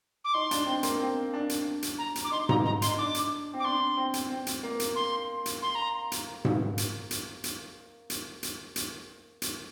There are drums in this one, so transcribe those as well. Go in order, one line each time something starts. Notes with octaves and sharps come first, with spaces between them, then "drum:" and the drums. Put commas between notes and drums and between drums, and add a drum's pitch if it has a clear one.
D6
D#4 C6
D4, drum: hi-hat
C4
A#3, drum: hi-hat
C4
D4
drum: hi-hat
drum: hi-hat
A#5
drum: hi-hat
D6
D#4 C6
A#5, drum: tom G#2
D#4 A#5
C6, drum: hi-hat
D#4
D4 D6
drum: hi-hat
C4
D6
D4 C6
C4
drum: hi-hat
C4
drum: hi-hat
A#3
drum: hi-hat
C6
drum: hi-hat
C6
A#5
drum: hi-hat
drum: tom G#2
drum: hi-hat
drum: hi-hat
drum: hi-hat
drum: hi-hat
drum: hi-hat
drum: hi-hat
drum: hi-hat